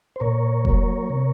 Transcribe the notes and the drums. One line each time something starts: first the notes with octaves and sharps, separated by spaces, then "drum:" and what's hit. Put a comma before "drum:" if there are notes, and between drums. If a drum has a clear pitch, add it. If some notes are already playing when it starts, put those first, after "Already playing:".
C5
A#2 A#4 C#5
F#3 A#3, drum: kick F1
C3